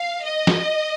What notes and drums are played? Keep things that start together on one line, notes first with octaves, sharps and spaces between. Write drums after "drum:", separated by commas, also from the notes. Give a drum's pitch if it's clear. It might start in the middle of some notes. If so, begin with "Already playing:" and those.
Already playing: F5
D#5
drum: snare